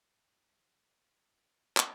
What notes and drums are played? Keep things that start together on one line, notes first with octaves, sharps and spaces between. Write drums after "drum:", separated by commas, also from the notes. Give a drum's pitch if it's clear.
F2
F2
F#2
D#3
F3
F#3
G#3
F#3
drum: clap